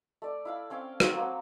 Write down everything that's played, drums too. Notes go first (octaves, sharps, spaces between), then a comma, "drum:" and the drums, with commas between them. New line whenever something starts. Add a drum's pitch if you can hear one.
A3 D5
E4 F5 B5
C4 C#4 F5 G5
F#3 C4 C#5 F5, drum: rim click
A#3 C4 C5 F#5